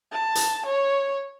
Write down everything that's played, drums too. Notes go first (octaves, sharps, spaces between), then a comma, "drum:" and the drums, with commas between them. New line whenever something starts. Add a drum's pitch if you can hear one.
A5
drum: hi-hat
C#5